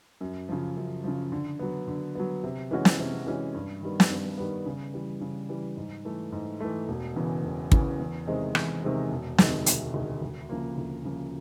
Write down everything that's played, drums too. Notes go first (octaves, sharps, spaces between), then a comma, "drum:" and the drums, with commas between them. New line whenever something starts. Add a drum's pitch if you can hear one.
F#2
C#3 F3
F#2
C#3 F3
D3
F#3 B3
D3
F#3 B3
C3
E3 G#3 C#4 F#4
drum: snare
C3
E3 G#3 C#4 F#4
G2
D#3 G3 B3
drum: snare
G2
D#3 G3 B3
C#3
E3 G3
C#3
E3 G3
G#2
E3 A3
G#2
E3 A3
E1
E2 C#3 E3
E1
E2 C#3 E3, drum: kick
E2
C3 D#3 G#3 C4
E2, drum: rim click
C3 D#3 G#3 C4
E1
D2 C3 D#3 G#3, drum: snare
E1, drum: hi-hat
D2 C3 D#3 G#3
D2
C#3 F3 A#3
D2
C#3 F3 A#3